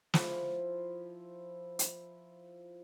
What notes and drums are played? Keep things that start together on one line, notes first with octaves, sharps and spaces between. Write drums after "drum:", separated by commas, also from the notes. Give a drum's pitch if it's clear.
F3 E4, drum: snare
drum: hi-hat